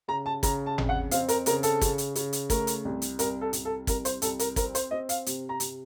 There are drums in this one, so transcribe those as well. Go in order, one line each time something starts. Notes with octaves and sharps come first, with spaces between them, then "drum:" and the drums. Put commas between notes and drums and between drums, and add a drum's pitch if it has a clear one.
C#3 A#5
A5
C#3 A#5, drum: kick, hi-hat
A5
F2, drum: tom G#1
F#5
C4 F5, drum: hi-hat
A#4, drum: hi-hat
C#3 A#4, drum: hi-hat
A4, drum: hi-hat
C#3, drum: kick, hi-hat
drum: hi-hat
C#3, drum: hi-hat
drum: hi-hat
A3 A#4, drum: kick, hi-hat
drum: hi-hat
C2
drum: hi-hat
C2 A#4, drum: hi-hat
A4
C2, drum: hi-hat
A4
C2 A#4, drum: kick, hi-hat
C5, drum: hi-hat
C2 A4, drum: hi-hat
A#4, drum: hi-hat
C4 A#4, drum: kick, hi-hat
C5, drum: hi-hat
C4 D#5
F5, drum: hi-hat
C3, drum: hi-hat
A#5
C3, drum: hi-hat